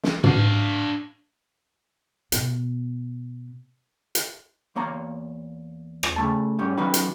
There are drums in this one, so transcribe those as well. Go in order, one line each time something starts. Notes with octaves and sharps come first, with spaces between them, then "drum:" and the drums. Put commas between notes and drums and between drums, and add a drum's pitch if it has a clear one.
drum: snare
D4 F5, drum: tom
B2 B3, drum: hi-hat
drum: hi-hat
E2 A#3 C#5 A#5
drum: rim click
C#3 A3 A5
G#2 G3 C#4
D#3 F#3 C#4 D#4 F#4 B4
drum: hi-hat